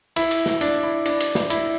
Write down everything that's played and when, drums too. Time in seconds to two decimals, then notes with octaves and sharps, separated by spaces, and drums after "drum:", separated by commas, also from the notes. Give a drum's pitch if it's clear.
0.16 E4, drum: cymbal
0.31 drum: cymbal
0.46 drum: snare
0.61 D4, drum: cymbal
0.83 E4
1.05 D4, drum: cymbal
1.20 drum: cymbal
1.35 drum: snare
1.50 E4, drum: cymbal